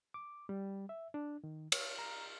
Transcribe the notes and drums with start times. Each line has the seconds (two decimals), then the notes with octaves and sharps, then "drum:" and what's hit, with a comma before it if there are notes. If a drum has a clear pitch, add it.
0.14 D6
0.49 G3
0.89 E5
1.14 D4
1.44 D#3
1.72 C#5, drum: cymbal
1.99 A#5